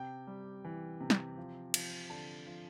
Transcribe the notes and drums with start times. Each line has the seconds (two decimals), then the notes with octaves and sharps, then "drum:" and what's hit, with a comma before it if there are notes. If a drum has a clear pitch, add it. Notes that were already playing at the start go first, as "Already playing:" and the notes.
Already playing: C3 G5
0.27 G3
0.65 E3
1.00 C3
1.10 drum: snare
1.37 F3
1.74 F3, drum: cymbal
2.10 D3 A5
2.47 F3